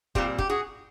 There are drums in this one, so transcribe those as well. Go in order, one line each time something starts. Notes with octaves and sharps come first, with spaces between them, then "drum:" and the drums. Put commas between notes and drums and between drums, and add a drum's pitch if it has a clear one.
A#2 G3 C4 F4 G4, drum: kick
G4, drum: kick
F#4 G#4